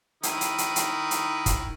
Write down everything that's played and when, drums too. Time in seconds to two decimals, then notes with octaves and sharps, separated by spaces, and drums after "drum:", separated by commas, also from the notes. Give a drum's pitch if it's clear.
0.23 D#3 E4 D#6, drum: hi-hat
0.41 drum: hi-hat
0.58 drum: hi-hat
0.76 drum: hi-hat
1.11 drum: hi-hat
1.46 drum: kick, hi-hat